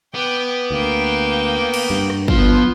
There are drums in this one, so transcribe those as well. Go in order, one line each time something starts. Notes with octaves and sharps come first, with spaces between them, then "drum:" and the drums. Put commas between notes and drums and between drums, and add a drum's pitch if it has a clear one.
B3 G5 D6
D2 A#3 G5
drum: cymbal
G2
drum: rim click
F3 B3 C6, drum: kick